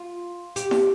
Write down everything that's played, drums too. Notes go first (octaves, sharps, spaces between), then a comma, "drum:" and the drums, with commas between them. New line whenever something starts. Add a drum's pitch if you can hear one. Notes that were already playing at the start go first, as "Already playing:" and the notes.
Already playing: F4
G4, drum: hi-hat
drum: snare E4